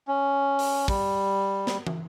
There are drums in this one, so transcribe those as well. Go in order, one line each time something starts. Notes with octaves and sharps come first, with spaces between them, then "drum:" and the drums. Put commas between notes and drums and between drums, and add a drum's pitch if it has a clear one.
C#4
drum: open hi-hat
G3, drum: kick
drum: snare
drum: tom